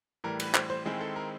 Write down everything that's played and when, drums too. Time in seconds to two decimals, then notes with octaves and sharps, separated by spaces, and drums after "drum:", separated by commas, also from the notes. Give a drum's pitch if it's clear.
0.24 A2 E3 G3 A#4
0.40 B4, drum: cymbal
0.54 C5, drum: clap
0.70 C5
0.85 D#3 G#3 C4 E4 G#4
1.00 A4
1.16 A#4